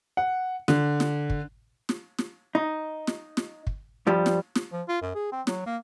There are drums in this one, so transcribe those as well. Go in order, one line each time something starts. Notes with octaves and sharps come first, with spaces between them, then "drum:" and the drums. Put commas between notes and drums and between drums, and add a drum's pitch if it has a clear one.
F#5
D3, drum: snare
drum: snare
drum: kick
drum: snare
drum: snare
D#4
drum: snare
drum: snare
drum: kick
G2 F3 G3
drum: snare
drum: snare
F3
F4
F#2
G#4
C4
F#3, drum: snare
A#3